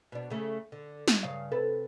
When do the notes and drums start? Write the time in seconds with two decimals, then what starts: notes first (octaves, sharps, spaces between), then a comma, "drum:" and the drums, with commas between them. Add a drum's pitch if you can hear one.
0.12 B2 D4
0.30 C#3 A3
0.72 D3
1.08 drum: snare
1.23 G2 C#3 F5
1.52 C3 A4 B4